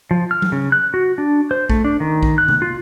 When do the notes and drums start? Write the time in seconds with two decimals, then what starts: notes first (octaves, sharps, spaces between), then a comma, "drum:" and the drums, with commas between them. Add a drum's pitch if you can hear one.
0.11 F3
0.31 F6
0.42 drum: tom F#3
0.52 C#3
0.72 F#6
0.94 F#4
1.18 D4
1.51 C5
1.70 A3, drum: kick
1.85 D4
2.00 D#3
2.23 drum: kick
2.38 F#6
2.48 drum: tom C3
2.62 F4